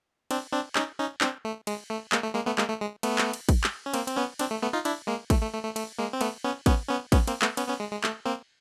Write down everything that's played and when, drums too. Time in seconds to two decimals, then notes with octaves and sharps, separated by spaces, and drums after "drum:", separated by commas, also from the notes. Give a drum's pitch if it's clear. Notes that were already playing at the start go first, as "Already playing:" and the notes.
0.31 C4 D4, drum: cymbal
0.53 C4 D4
0.75 C#4 D#4, drum: clap
0.99 C#4 D#4
1.21 C4 D4, drum: clap
1.45 A3
1.67 G#3, drum: cymbal
1.90 A3
2.12 G#3 A#3, drum: clap
2.23 A3
2.34 G#3 A#3
2.46 A3 B3
2.58 G#3 A#3, drum: clap
2.69 A3
2.81 G#3
3.03 A3 B3, drum: cymbal
3.18 drum: clap
3.33 drum: cymbal
3.49 drum: kick, cymbal
3.64 drum: clap
3.86 C#4
3.94 A#3 C4, drum: cymbal
4.08 C4, drum: cymbal
4.16 B3 C#4
4.39 C4 D4, drum: cymbal
4.51 A3
4.62 A3 B3
4.73 D#4 F4
4.85 D4 E4, drum: cymbal
5.07 G#3 A#3
5.30 A3, drum: kick, cymbal
5.42 A3
5.54 A3
5.64 A3
5.76 A3, drum: cymbal
5.99 G#3 A#3
6.13 C4
6.21 A3 B3, drum: cymbal
6.44 B3 C#4
6.66 B3 C#4, drum: kick, cymbal
6.89 B3 C#4
7.12 B3 C#4, drum: kick, cymbal
7.27 A#3 C4, drum: cymbal
7.42 A3 B3, drum: clap
7.57 B3 C#4, drum: cymbal
7.68 B3 C#4
7.80 G#3
7.91 G#3
8.04 A3, drum: clap
8.25 A#3 C4